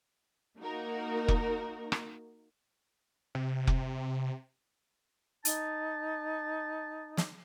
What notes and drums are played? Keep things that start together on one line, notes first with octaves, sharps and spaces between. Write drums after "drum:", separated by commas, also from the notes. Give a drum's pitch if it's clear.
A#3 D#4 F#4 A#4
drum: kick F1
drum: rim click
C3
drum: kick F1
D#4 A5, drum: hi-hat
drum: snare